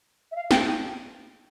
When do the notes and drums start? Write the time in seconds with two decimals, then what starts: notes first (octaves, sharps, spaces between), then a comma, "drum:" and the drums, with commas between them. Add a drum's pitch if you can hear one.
0.32 E5
0.36 F5
0.51 G5, drum: snare